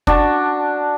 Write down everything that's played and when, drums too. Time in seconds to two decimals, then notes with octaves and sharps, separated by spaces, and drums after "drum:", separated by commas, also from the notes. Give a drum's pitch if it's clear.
0.07 D4 F#4 A5, drum: kick